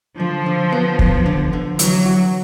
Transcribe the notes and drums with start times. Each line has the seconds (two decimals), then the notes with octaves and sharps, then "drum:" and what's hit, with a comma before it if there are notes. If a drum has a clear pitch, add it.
0.19 D3 F3
0.46 D3
0.72 B3
0.99 B3, drum: kick
1.26 D3
1.53 D3
1.79 E3 F#3, drum: hi-hat
2.05 F#4